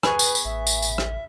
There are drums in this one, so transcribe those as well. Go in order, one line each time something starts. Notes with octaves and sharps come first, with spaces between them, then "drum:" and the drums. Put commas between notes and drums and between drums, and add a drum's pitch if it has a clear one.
B3 G#4 B4 G#5 C#6, drum: rim click
drum: tambourine
drum: tambourine
A1 E5
drum: tambourine
drum: tambourine
drum: rim click